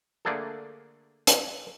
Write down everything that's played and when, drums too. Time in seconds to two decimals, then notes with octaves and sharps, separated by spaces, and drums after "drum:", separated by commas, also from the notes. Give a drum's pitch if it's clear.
0.25 D3 A3 A#3 D4 G#4 A4
1.27 drum: hi-hat